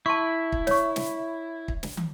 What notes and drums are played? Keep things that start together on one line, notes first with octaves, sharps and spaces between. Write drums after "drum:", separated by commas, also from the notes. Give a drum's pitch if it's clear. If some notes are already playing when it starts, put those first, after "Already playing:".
E4 A5 C6 C#6
drum: kick
C#5 C#6, drum: snare
drum: snare
drum: kick
drum: snare
drum: tom